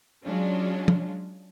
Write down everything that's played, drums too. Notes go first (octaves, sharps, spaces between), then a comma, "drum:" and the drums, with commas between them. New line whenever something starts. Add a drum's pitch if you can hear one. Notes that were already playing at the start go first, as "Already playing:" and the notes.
F#3 G#3 C#4 D4 F4
drum: tom F3